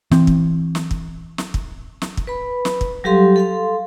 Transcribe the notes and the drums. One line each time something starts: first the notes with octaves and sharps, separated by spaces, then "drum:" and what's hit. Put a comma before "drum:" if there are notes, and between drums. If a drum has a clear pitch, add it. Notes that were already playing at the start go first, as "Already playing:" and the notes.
E3 C4, drum: snare
drum: kick
drum: snare
drum: kick
drum: snare
drum: kick
drum: snare
drum: kick
B4 B5
drum: snare
drum: kick
F#3 G3 G4 A4 F5 C6
A4 F5 C6